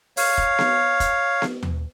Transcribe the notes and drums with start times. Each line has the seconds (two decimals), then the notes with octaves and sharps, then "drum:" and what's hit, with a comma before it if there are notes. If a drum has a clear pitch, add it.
0.17 C#5 F5, drum: open hi-hat
0.38 drum: kick
0.59 drum: snare B3
1.00 drum: kick, hi-hat
1.42 drum: snare B3
1.63 drum: tom D#2